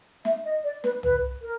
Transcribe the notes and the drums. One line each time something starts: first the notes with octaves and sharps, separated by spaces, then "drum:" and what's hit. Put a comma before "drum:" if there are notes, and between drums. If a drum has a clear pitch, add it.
E5, drum: snare
D#5
D5
B4, drum: snare
B4, drum: tom
A#4